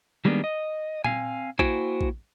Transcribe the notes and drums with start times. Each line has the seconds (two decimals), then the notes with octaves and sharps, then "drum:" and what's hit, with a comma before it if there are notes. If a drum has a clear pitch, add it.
0.25 D#3 G3 G#3 A#3 B3 D4
0.44 D#5
1.04 C4 F5 G#5, drum: tom A#2
1.59 A#3 E4 F#4 C5 G5 G#5, drum: kick A#1
2.01 drum: kick A#1